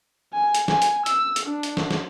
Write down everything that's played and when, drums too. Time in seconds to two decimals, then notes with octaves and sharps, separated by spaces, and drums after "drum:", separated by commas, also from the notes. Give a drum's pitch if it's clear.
0.34 G#5
0.55 drum: hi-hat
0.68 G#5, drum: snare
0.82 drum: hi-hat
1.06 E6, drum: hi-hat
1.36 drum: hi-hat
1.46 D4
1.63 drum: hi-hat
1.77 drum: snare
1.91 drum: snare